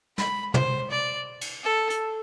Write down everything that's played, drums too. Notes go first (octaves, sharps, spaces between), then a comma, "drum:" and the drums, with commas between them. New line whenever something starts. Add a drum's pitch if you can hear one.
B5, drum: snare
C5, drum: tom
D5
drum: cymbal
A4
drum: hi-hat